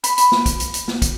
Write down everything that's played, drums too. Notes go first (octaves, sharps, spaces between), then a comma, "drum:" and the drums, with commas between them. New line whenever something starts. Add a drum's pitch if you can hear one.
B5, drum: hi-hat
drum: hi-hat
drum: snare
drum: kick, hi-hat
drum: hi-hat
drum: hi-hat
drum: snare
drum: kick, hi-hat